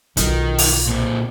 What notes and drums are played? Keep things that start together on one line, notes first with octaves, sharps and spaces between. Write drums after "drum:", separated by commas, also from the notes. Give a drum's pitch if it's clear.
B1 D#3 F4, drum: hi-hat
drum: open hi-hat
A#2 C4